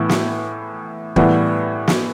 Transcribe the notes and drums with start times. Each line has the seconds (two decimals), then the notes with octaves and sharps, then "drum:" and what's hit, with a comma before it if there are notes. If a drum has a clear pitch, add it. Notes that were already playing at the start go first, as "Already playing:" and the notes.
Already playing: A2 E3 B3 E4
0.09 drum: snare
1.16 A2 E3 G3 B3 E4, drum: kick
1.88 drum: snare